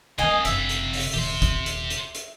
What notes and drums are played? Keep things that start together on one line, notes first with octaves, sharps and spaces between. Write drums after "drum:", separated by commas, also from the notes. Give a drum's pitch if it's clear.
C3 G3 A#3 D#5 F5 G#5
F#1 D3 E5, drum: hi-hat
drum: hi-hat
drum: open hi-hat
D#1 D#2 G4 C6
drum: kick G1, hi-hat
drum: hi-hat
drum: hi-hat
drum: hi-hat